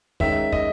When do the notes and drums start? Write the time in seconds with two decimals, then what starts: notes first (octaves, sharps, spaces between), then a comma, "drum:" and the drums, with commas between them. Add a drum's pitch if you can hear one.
0.20 D#3 G#3 C#4 E5, drum: kick
0.52 D#5, drum: kick